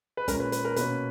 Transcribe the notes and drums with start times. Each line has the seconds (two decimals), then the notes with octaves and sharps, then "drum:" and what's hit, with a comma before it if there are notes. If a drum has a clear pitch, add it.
0.17 B4
0.28 A#2 G#3 C#4 A#4, drum: kick, hi-hat
0.40 B4
0.52 B4, drum: hi-hat
0.65 A#4
0.76 B2 A#3 C#4 B4, drum: hi-hat